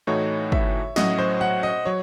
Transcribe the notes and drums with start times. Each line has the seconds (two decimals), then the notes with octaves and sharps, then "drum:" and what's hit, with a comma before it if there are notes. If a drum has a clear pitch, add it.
0.07 A2 E3 A3 D#4 F#4 C#5
0.52 E5, drum: kick
0.96 A2 F#3 C#4 F#4 D#5, drum: snare
1.19 C5
1.41 F#5
1.63 D#5
1.85 F#3 C#5